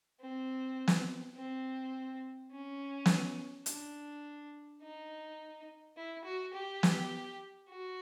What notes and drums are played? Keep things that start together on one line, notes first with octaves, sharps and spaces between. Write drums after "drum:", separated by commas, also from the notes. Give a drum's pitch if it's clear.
C4
drum: snare
C4
C#4
drum: snare
D4, drum: hi-hat
D#4
E4
F#4
G4
drum: snare
F#4